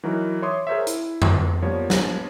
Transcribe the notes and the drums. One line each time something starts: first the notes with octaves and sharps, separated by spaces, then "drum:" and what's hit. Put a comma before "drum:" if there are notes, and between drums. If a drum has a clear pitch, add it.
E3 F#3 D#4 F#4 A#4
C#5 E5 C6 D6 D#6
G#4 A#4 C5 C#5 E5
E4, drum: hi-hat
F2, drum: tom F2
F3 G3 A#3 B3 C#5
drum: snare